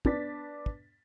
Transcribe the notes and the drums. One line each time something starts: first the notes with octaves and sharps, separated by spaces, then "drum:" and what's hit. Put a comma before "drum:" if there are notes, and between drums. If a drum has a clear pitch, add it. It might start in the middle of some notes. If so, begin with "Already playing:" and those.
B3 D4 A6 B6, drum: kick
drum: kick